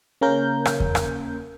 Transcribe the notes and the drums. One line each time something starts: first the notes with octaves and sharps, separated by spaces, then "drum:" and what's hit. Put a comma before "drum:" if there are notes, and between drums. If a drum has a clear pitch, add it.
C#3 A#3 C#4 A#4 G6
drum: rim click
drum: kick E2
drum: rim click